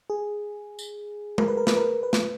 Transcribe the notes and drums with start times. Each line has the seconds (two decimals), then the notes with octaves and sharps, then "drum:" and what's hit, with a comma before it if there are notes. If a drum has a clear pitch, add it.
0.10 G#4
0.79 drum: tambourine
1.38 A#4, drum: tom G#3
1.48 B4
1.57 A#4
1.67 B4, drum: snare
1.77 A#4
2.03 B4
2.13 drum: snare